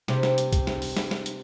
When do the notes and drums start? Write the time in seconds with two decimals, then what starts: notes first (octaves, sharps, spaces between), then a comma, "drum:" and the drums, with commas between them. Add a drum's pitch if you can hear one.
0.08 C3, drum: snare
0.23 drum: snare
0.38 drum: hi-hat
0.53 drum: kick, hi-hat
0.67 drum: snare
0.82 drum: open hi-hat
0.97 drum: snare
1.11 drum: snare
1.26 drum: hi-hat